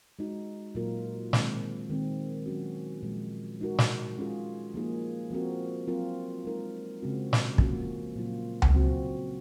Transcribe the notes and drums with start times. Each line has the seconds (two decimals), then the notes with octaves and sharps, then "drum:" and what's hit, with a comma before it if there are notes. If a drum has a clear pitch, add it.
0.19 G#3 D#4 F#4
0.75 A#2 F#3 A#3 F4 A#4
1.33 D#3 G#3 C4, drum: snare
1.90 D#3 G#3 C4
2.46 F#3 C#4 F#4
3.03 A#2 F3 G#3
3.60 G#3 D#4 F#4 A#4
3.79 drum: snare
4.18 G#3 C#4 F4 G#4
4.74 F3 A#3 D#4 G#4
5.31 F3 C4 F#4 A#4
5.88 F#3 C4 F4 A#4
6.45 G#3 D#4 A#4
7.02 C#3 G#3 C4 F#4
7.33 drum: snare
7.58 F3 A#3 C#4 F#4, drum: kick
8.16 A#2 F#3 A#3 F4
8.62 drum: tom C#2
8.73 C#3 F#3 C4 F#4